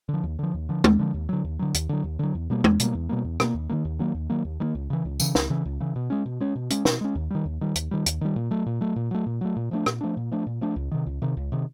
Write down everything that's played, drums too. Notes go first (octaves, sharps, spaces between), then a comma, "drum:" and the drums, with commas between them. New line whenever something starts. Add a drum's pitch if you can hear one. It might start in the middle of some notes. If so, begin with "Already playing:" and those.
D3 F3
D#2
D3 F3
D#2
D3 F3
D#2, drum: tom G#3
D3 F3
D#2
D3 F#3
D#2
D3 F#3
D#2, drum: hi-hat
D3 F#3
D#2
D3 F#3
E2
B2 G3 A#3
E2, drum: tom G#3
B2 G3 A#3, drum: hi-hat
E2
B2 G3 A#3
E2
B2 G3 A#3, drum: rim click
D#2
D#3 F#3 A#3
D#2
D#3 F#3 A#3
D#2
D#3 F#3 A#3
D#2
D#3 F#3 A#3
C#2
C#3 E3
C#2
C#3 E3, drum: tambourine
C#2, drum: snare
C#3 E3
C#2
C#3 E3
B2
G#3 C#4
B2
G#3 C#4
B2
G#3 C#4, drum: hi-hat
B2, drum: snare
G#3 C#4
D#2
D#3 G3
D#2
D#3 G3
D#2, drum: hi-hat
D#3 G3
D#2, drum: hi-hat
D#3 G3
A#2
F#3 A3
A#2
F#3 A3
A#2
F#3 A3
A#2
F#3 A3
A#2
F3 A3 D4
A#2, drum: rim click
F3 A3 D4
A#2
F3 A3 D4
A#2
F3 A3 D4
C#2
C3 D#3
C#2
C3 D#3
C#2
C3 D#3